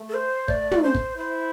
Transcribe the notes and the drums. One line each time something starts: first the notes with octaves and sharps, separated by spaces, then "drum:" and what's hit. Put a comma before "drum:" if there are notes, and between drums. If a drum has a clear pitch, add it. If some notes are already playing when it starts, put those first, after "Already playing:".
Already playing: A3
A4
C5
A3 D5, drum: kick
drum: tom
C5
drum: kick
E4 C5